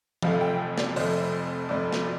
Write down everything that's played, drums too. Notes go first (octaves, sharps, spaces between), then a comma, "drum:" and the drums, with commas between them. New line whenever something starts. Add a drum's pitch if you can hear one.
F1 F2 F3 A3 F5, drum: tom
G5
D5, drum: snare
F1 F2 F3 A3 C5, drum: open hi-hat
F1 F2 F3 A3 D5
drum: snare